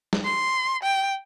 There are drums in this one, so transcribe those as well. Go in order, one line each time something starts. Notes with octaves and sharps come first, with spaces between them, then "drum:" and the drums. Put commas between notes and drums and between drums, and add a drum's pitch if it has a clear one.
drum: snare
C6
G5